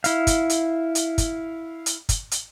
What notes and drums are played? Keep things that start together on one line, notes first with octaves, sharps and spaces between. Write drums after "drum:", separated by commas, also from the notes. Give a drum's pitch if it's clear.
E4 F5, drum: hi-hat
drum: kick, hi-hat
drum: hi-hat
drum: hi-hat
drum: kick, hi-hat
drum: hi-hat
drum: kick, hi-hat
drum: hi-hat